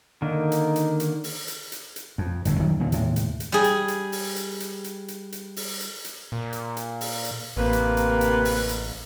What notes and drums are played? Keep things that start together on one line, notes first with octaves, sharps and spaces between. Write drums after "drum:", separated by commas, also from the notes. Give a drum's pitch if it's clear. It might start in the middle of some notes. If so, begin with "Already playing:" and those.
D3 D#3 A#3 D#4
drum: hi-hat
drum: hi-hat
drum: hi-hat
drum: open hi-hat
drum: hi-hat
drum: hi-hat
drum: hi-hat
F2
G1 A2 D3, drum: hi-hat
F#2 D#3 F#3 G3
D#2 A#2 D3 D#3
D#2 A2 C3 G#3, drum: hi-hat
drum: hi-hat
drum: hi-hat
G3 G#4
drum: hi-hat
drum: hi-hat
drum: open hi-hat
drum: hi-hat
drum: hi-hat
drum: hi-hat
drum: hi-hat
drum: hi-hat
drum: open hi-hat
drum: hi-hat
drum: hi-hat
A#2
drum: hi-hat
drum: hi-hat
drum: open hi-hat
drum: hi-hat
A1 C3 A#3 B4
drum: hi-hat
drum: hi-hat
drum: hi-hat
drum: open hi-hat
drum: hi-hat